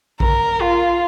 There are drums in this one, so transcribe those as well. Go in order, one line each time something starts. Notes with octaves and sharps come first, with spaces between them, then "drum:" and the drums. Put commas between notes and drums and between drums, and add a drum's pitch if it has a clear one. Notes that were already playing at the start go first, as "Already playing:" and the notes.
A#4, drum: kick A#1
F4